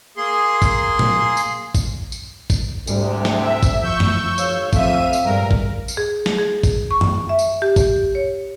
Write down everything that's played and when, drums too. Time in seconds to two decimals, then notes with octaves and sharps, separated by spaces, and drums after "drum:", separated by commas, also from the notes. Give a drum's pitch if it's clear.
0.17 A#3 G#4 C6
0.62 drum: kick, tambourine
0.99 drum: tom A#2
1.37 drum: tambourine
1.75 drum: kick, tambourine
2.12 drum: tambourine
2.50 drum: kick, tambourine
2.87 D2 G#2 C3 G3, drum: tambourine
3.25 drum: snare
3.42 E5
3.63 drum: kick, tambourine
3.82 F3 C#6 E6 G6
4.00 drum: tom F#2
4.38 G#1 C#5 F5, drum: tambourine
4.73 F2 A3 C4 E5 F5 D#7, drum: kick, tambourine
5.13 drum: tambourine
5.25 G2 A#2 G#3 A#4
5.51 drum: kick
5.88 drum: tambourine
5.97 G#4
6.26 drum: snare
6.39 G#4
6.63 drum: kick, tambourine
6.91 C#6
7.01 drum: tom F#2
7.29 E5
7.39 drum: tambourine
7.62 G4
7.76 drum: kick, tambourine
8.15 C#5